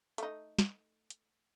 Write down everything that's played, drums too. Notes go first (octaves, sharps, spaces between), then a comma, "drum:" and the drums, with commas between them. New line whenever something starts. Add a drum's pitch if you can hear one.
A3 D#4, drum: hi-hat
drum: snare
drum: hi-hat